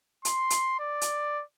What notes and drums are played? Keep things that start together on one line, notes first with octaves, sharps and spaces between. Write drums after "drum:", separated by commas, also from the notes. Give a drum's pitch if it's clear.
C6, drum: hi-hat
drum: hi-hat
D5
drum: hi-hat